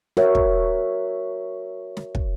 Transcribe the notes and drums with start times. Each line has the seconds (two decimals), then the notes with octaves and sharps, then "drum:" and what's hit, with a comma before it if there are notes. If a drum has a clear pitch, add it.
0.17 F#4 A#4 C#5 E5, drum: snare
0.35 drum: kick
1.97 drum: snare
2.15 drum: kick